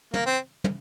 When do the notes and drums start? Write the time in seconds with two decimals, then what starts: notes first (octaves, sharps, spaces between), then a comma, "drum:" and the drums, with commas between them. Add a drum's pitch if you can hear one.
0.14 A#3, drum: tom
0.26 C4
0.64 drum: tom